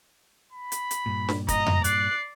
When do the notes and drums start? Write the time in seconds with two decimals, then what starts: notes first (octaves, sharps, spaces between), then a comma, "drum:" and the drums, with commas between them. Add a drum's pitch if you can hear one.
0.53 B5
0.72 drum: hi-hat
0.91 drum: hi-hat
1.06 G2 A#2
1.29 drum: snare D4
1.48 D#5 A#5, drum: kick, hi-hat
1.66 drum: tom F2
1.84 D5 F#6 C7, drum: hi-hat